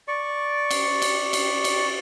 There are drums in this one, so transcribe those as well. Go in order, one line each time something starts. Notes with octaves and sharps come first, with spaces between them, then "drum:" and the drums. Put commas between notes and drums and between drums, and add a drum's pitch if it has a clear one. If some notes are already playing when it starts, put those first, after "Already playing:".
D5 C#6
drum: cymbal
drum: cymbal
drum: cymbal
drum: cymbal